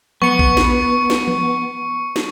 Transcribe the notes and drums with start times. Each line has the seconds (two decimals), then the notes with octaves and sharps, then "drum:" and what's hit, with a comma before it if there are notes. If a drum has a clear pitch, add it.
0.22 B3 C#6 C#7, drum: tom E3
0.39 drum: kick A#1
0.57 drum: snare
1.10 drum: snare
1.28 drum: tom E3
2.16 drum: snare